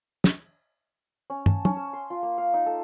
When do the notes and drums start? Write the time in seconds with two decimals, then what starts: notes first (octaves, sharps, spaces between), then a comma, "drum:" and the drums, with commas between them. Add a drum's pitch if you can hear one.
0.24 drum: snare
1.30 C#4
1.46 A5, drum: tom
1.65 C#4, drum: tom
1.77 E6
1.93 C6
2.10 F4
2.23 A#3
2.38 F5
2.54 D#4
2.66 A4